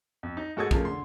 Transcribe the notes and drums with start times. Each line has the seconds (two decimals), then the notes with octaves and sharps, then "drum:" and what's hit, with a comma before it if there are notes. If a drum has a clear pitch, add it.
0.23 F2
0.37 D#4
0.57 G#2 F#4 A4 D#6 G#6
0.71 C#3 F3 A3 A#3, drum: kick
0.85 D3 C6